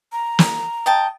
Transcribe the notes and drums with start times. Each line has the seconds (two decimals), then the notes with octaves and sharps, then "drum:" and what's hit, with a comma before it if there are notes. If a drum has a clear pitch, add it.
0.12 A#5
0.39 drum: snare
0.86 D#5 G5 A5